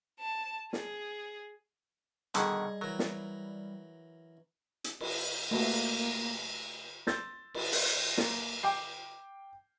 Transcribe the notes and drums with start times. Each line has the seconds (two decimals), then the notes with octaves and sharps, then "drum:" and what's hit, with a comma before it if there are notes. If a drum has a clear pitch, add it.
0.19 A5
0.73 G#4, drum: snare
2.34 B2 D3 D#3 G3 G#4 D#5, drum: hi-hat
2.81 E3 F#3 A#4
2.99 drum: snare
4.84 drum: hi-hat
5.00 drum: cymbal
5.51 A3 A#3 F#4, drum: cymbal
7.07 C6 E6 G6 A6 A#6, drum: snare
7.54 drum: cymbal
7.72 drum: open hi-hat
8.18 A#3, drum: snare
8.63 G5 D6 G6 C7